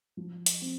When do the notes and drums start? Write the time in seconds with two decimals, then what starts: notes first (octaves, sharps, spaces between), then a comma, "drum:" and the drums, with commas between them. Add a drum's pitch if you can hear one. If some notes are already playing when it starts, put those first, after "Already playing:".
0.17 F3
0.46 drum: hi-hat
0.62 C4